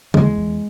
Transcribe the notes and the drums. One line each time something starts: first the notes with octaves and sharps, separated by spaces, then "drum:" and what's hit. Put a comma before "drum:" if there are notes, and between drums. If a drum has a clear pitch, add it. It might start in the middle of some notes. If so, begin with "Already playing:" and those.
E2 G#3, drum: tom
E2